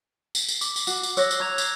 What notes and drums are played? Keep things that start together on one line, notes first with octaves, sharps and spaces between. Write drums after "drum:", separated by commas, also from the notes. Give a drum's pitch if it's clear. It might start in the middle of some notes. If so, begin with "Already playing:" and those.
drum: tambourine
drum: tambourine
D6, drum: tambourine
drum: tambourine
F#4 D6, drum: tambourine
drum: tambourine
C#5 E6 F#6 A#6, drum: tambourine
drum: tambourine
A#5 C#6 G#6 F7
drum: tambourine